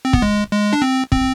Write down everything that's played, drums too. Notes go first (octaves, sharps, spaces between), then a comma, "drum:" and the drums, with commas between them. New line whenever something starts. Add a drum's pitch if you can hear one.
C4
B3, drum: kick
G#3
G#3
D4
C4
C4, drum: kick